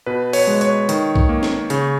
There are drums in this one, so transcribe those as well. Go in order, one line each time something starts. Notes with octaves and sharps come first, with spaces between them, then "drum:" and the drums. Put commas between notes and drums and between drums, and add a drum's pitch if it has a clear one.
B2 B4
C#5, drum: open hi-hat
G#3
C#5, drum: hi-hat
D#3, drum: hi-hat
drum: kick B1
A#3
drum: snare
C#3, drum: hi-hat